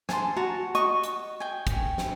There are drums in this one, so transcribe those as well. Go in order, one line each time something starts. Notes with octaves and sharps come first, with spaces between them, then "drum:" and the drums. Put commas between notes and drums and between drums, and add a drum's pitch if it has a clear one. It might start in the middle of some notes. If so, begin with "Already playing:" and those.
G#5 A5 C6, drum: snare
F#4 A5 A#5
F#4 D#5 C#6, drum: hi-hat
drum: hi-hat
G5 G#5
drum: kick, hi-hat
drum: snare